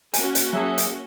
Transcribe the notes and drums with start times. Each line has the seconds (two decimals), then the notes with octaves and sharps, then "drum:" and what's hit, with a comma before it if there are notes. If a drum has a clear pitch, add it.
0.14 A#3 C#4 F#4 G#5, drum: hi-hat
0.35 drum: hi-hat
0.53 F#3 G#4 E5 A5
0.78 drum: hi-hat